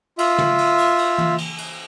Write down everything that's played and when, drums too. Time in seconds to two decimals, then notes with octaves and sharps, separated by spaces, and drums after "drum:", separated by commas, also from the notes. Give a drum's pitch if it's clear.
0.18 F4 E5, drum: cymbal
0.38 drum: tom
0.58 drum: cymbal
0.78 drum: cymbal
0.98 drum: cymbal
1.18 drum: tom
1.38 drum: cymbal
1.58 drum: cymbal